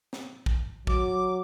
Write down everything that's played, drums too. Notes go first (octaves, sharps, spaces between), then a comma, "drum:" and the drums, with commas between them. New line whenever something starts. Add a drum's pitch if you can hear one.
drum: snare
drum: kick
F#3 D6, drum: kick